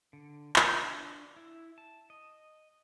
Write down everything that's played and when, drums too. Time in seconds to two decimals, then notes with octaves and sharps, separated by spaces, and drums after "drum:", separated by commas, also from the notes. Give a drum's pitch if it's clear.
0.13 D3
0.56 drum: clap
0.74 D4
1.36 E4
1.78 A5
2.10 D#5